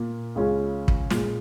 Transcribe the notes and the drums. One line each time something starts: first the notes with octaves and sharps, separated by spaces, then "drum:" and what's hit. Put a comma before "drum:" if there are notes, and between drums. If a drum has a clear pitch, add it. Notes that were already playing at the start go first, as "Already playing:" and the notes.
Already playing: A#2 A#3 F4
C#2 C#3 G#3 C#4 F4
drum: kick
A#2 G#3 F4, drum: snare